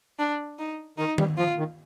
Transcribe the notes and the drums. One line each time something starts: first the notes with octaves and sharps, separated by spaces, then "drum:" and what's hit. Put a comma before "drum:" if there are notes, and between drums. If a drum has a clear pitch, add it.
D4
D#4
D#3 D#4
G3, drum: tom D#3
F3 F4
D#3